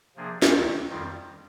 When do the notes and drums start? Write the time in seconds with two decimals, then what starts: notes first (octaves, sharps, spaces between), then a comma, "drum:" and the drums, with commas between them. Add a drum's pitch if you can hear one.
0.16 C3 F3 A#3 D4 G#4
0.42 drum: snare
0.53 D2 C3 D#3
0.89 F2 D#3 G3 C4